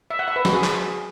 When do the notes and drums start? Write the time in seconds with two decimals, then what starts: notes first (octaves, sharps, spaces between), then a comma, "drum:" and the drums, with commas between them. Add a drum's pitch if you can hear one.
0.10 E5
0.19 F#5
0.28 E5
0.36 B4
0.45 F#4, drum: snare
0.53 G#4
0.64 drum: clap